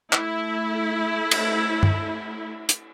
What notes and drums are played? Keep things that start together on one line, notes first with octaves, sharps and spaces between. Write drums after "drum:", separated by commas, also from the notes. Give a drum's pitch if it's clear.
A3 E4, drum: clap
drum: cymbal
drum: tom G2
drum: hi-hat